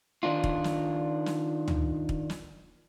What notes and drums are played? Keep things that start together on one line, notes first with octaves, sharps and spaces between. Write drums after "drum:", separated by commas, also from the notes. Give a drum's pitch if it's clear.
D#3 D4 D#4 F4
drum: kick
drum: snare
drum: snare
drum: tom
drum: kick
drum: snare